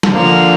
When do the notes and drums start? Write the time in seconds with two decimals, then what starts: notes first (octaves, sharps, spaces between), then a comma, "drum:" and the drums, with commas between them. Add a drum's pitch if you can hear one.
0.03 drum: snare
0.13 D3 F3 A#3